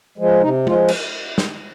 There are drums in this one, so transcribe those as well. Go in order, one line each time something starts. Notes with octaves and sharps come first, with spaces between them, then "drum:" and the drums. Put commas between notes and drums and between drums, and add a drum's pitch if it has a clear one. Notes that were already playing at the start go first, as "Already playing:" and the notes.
F3 G#3
C3 D#4
F3 G#3 F4, drum: tom
drum: cymbal
drum: snare